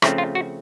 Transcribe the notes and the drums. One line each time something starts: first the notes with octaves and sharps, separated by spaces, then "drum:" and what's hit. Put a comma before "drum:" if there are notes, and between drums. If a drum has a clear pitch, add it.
C#3 F3 A3 C4 E4, drum: rim click
F4
F#4